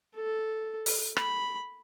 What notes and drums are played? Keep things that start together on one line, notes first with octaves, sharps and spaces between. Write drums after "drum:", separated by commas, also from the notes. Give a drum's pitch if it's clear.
A4
drum: open hi-hat
B5, drum: rim click